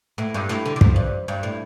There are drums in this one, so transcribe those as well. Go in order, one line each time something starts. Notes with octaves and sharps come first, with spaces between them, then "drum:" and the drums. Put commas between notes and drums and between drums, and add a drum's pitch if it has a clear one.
A2
G2
A2
D3
D3
F3, drum: kick
G2
G2
A2